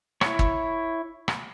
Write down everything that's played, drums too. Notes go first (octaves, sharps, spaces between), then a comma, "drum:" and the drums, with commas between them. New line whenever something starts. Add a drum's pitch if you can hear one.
E4 C#5, drum: rim click
drum: kick
drum: rim click